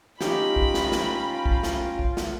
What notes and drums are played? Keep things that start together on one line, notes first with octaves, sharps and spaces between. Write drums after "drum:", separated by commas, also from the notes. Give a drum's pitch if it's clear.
C#4 D#4 F4 G4 G5 A#5 B5, drum: snare
drum: kick
drum: snare
drum: snare
drum: kick
drum: snare
drum: kick
drum: snare